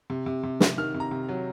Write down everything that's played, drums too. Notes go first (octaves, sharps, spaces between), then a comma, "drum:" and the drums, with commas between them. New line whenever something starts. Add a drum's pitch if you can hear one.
C3
C3
C3
C3, drum: snare
D#3 F6
C3
A#5
C3
F#3